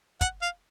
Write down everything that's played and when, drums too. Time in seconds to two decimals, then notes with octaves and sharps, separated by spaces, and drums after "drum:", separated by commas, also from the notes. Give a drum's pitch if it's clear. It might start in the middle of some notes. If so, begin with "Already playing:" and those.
0.21 F#5, drum: kick, hi-hat
0.42 F5